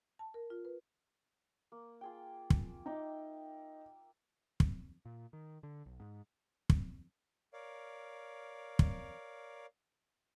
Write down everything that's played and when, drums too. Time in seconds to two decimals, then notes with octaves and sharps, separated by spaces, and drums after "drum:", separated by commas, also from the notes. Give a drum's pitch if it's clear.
0.19 A5
0.34 A#4
0.50 F4
0.65 B4
1.72 A#3
2.01 F4 G#4 G5
2.50 drum: kick
2.86 D#4 E5 G5 D6
4.60 drum: kick
5.05 A#2
5.33 D#3
5.63 D3
5.86 B1
6.00 G#2
6.70 drum: kick
7.53 A#4 C#5 D5 F5
8.79 drum: kick